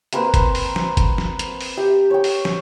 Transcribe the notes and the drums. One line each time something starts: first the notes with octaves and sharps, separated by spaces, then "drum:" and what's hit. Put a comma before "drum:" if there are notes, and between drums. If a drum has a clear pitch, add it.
A#3 C4 A#4 B4, drum: hi-hat
drum: kick, hi-hat
drum: open hi-hat
drum: snare
drum: kick, hi-hat
drum: snare
drum: hi-hat
drum: open hi-hat
G4 E5
C#5 G5
drum: open hi-hat
drum: snare